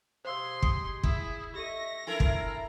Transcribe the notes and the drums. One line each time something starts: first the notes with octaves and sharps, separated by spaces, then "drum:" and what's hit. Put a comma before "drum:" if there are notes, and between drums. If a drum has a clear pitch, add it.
B2 G4 G#4 C5 F5 C6 E6
D#6 C#7, drum: kick
E4 G#4, drum: kick
G4 A4 D#5 E5 C#6 A#6 D#7
D4 E4 F4 A4 A#4 G#5
drum: kick